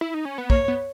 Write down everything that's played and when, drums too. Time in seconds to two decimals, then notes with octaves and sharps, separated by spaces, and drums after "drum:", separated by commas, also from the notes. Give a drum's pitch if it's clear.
0.01 E4
0.14 D#4
0.25 C#4
0.38 B3
0.50 A#3 C#5, drum: kick
0.68 B3